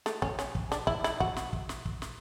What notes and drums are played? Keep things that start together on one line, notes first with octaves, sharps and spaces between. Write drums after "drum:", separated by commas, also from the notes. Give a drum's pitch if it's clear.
A3, drum: snare
C#4, drum: kick
C#4, drum: snare
drum: kick
D4, drum: snare
E4, drum: kick
E4, drum: snare
F#4, drum: kick
drum: snare
drum: kick
drum: snare
drum: kick
drum: snare